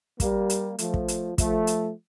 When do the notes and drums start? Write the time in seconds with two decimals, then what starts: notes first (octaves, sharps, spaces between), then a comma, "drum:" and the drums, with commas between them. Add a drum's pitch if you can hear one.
0.20 G3 A#3, drum: kick, hi-hat
0.50 drum: hi-hat
0.79 F3 A3, drum: hi-hat
0.94 drum: kick
1.08 drum: hi-hat
1.38 F3 A3, drum: kick, hi-hat
1.67 drum: hi-hat